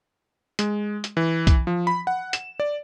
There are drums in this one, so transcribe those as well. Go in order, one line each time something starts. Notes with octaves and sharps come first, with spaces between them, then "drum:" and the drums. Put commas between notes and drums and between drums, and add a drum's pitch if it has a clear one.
G#3, drum: hi-hat
drum: hi-hat
E3
drum: kick B1, hi-hat
F3
B5
F#5
E7, drum: hi-hat
D5